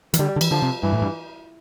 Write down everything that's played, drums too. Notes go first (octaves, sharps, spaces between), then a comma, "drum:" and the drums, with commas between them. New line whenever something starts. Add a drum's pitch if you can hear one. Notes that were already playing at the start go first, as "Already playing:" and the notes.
E3, drum: hi-hat
D3 G3
D3
E3, drum: cymbal
D3 F3
C3
G2 E3
A2
G2